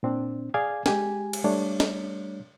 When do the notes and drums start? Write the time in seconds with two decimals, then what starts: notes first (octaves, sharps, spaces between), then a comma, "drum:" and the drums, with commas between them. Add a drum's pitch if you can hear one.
0.03 A#2 C4 D4
0.54 G#4 D5 F5 G#5 G#6
0.86 G#3 G4 G#5, drum: snare
1.33 drum: cymbal
1.44 G3 A3 D4 C#5 D5
1.80 drum: snare